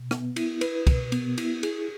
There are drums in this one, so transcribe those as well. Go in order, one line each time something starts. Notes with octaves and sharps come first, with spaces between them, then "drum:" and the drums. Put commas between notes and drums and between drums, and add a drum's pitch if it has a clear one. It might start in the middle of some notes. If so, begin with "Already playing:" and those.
Already playing: B2
B3, drum: rim click
E4, drum: cymbal
B4, drum: cymbal
B2, drum: kick, cymbal
B3, drum: cymbal
E4, drum: cymbal
G#4, drum: cymbal